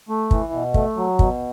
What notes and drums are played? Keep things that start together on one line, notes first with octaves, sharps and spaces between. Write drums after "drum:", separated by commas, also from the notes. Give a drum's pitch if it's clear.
A3
E3, drum: kick
B2
A3, drum: kick
F#3
B2, drum: kick